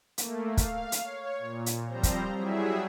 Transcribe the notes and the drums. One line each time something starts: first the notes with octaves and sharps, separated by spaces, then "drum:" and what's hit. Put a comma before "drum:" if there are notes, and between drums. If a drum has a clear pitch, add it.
A3 A#3, drum: hi-hat
F5, drum: kick, hi-hat
drum: hi-hat
C#5
A#2
drum: hi-hat
F3 G3 C4 C5 A#5
drum: kick, hi-hat
F#3 G3 E4 G#4 E5